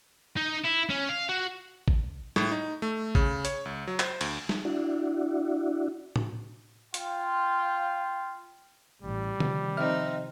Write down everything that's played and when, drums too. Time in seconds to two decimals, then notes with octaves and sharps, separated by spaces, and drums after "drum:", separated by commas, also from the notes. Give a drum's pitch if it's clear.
0.37 D#4
0.65 E4
0.90 C#4
1.09 F5
1.29 F#4
1.88 drum: kick G#1
2.36 A2, drum: snare
2.51 D#4
2.82 A3
3.15 C#3, drum: kick G#1
3.45 C#5, drum: hi-hat
3.65 C#2
3.87 F#3
4.00 C5, drum: clap
4.21 D2, drum: cymbal
4.49 drum: snare
4.65 D4 E4 F#4
6.16 drum: tom A2
6.94 F4 G5, drum: hi-hat
9.02 A1 G3
9.40 C3 D#3 F3, drum: tom D3
9.77 C4 D#4 E5 F6